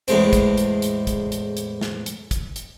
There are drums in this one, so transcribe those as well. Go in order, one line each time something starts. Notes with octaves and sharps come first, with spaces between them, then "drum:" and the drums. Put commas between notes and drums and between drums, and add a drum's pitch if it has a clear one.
E2 A2 G#3 C4, drum: hi-hat
drum: kick, hi-hat
drum: hi-hat
drum: hi-hat
drum: kick, hi-hat
drum: hi-hat
drum: hi-hat
drum: snare
drum: hi-hat
drum: kick, hi-hat
drum: hi-hat